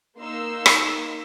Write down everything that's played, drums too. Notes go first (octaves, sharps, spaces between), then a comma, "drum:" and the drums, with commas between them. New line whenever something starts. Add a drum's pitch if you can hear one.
A#3 D#4 C6 E6
drum: rim click